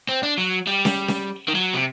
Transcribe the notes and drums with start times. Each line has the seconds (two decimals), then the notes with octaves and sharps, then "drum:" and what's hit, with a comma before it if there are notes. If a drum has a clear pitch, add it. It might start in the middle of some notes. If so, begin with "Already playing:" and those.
0.09 C4
0.23 D4
0.38 F#3
0.67 G3
0.85 drum: snare C#4
1.08 drum: snare C#4
1.48 D#3
1.55 F#3
1.74 C3